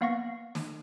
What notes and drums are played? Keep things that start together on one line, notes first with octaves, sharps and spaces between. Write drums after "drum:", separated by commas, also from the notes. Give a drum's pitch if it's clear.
A#3 B3 F5 F#5 C#6 A#6
drum: snare